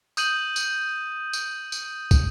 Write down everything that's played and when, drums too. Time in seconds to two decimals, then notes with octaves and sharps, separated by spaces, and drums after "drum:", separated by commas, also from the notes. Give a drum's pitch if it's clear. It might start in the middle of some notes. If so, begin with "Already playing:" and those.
0.17 D#6 G6 D#7 F#7, drum: tambourine
0.56 drum: tambourine
1.33 drum: tambourine
1.72 drum: tambourine
2.11 drum: kick, tambourine